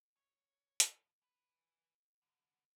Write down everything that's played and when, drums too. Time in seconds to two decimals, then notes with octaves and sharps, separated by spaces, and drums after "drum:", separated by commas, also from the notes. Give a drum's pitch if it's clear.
0.16 C#5
0.80 A2 F3, drum: hi-hat
1.22 E3 B4
2.22 C2 D3